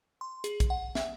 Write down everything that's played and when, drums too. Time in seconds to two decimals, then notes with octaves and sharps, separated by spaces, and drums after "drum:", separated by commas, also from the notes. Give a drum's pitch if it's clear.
0.21 C6
0.44 G#4, drum: hi-hat
0.60 drum: kick, hi-hat
0.70 F#5
0.95 E5, drum: snare